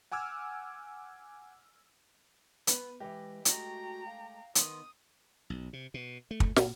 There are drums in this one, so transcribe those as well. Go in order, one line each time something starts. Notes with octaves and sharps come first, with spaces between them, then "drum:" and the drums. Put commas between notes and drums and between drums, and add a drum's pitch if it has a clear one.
F#5 G#5 D6 E6 F6 G#6
B3 B4, drum: hi-hat
E3 G#3 G4 B4 D#5
G#3 A3 F#4 G5 A#5, drum: hi-hat
F5
D#3 B3 C6 D#6, drum: hi-hat
B1
C3
B2
A3
drum: kick
A#2, drum: snare